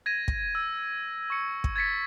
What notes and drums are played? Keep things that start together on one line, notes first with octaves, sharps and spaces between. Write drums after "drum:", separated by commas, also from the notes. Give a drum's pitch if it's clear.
G#6 A#6 D#7
drum: kick
E6
C#6 C#7
drum: kick
G#6 A6 B6 C#7